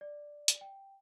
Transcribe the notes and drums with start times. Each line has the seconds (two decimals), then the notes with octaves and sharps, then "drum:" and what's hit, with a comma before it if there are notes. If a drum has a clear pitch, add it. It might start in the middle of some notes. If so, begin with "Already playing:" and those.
0.01 D5
0.48 drum: hi-hat
0.61 G5